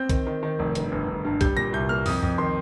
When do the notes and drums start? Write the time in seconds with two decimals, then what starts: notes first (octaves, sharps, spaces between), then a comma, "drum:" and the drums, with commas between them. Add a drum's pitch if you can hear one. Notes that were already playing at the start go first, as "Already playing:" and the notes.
Already playing: C4 G6
0.09 D#3, drum: kick, hi-hat
0.27 D#3
0.43 D#3
0.59 F1
0.75 G1, drum: hi-hat
0.92 G1
1.08 G1
1.25 G2
1.41 G3 G6, drum: kick, hi-hat
1.57 A#2 A#6
1.73 C2 G6
1.89 A#3 F6
2.06 F2 D#6, drum: open hi-hat
2.23 F2
2.38 D#3 C6